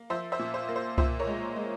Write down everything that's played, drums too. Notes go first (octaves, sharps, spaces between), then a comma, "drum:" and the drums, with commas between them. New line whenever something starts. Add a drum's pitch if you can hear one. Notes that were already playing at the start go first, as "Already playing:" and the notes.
Already playing: A#3
F3 C5 E5
C5 E5
A#2
C5
A#3
C5
A#2 C5 E5, drum: kick C2
A#4 C#5
G#3
G#3